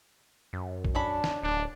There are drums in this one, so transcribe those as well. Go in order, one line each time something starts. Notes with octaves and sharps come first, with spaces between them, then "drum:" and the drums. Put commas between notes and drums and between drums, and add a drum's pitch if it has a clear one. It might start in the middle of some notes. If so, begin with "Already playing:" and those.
F#2
drum: kick
C#4 D4 A4 B5
drum: snare
D1 D4